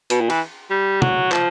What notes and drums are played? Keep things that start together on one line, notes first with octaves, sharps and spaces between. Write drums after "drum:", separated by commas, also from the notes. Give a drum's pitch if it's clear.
B2, drum: hi-hat
A#2
E3, drum: cymbal
G3
F#3, drum: tom
F3, drum: clap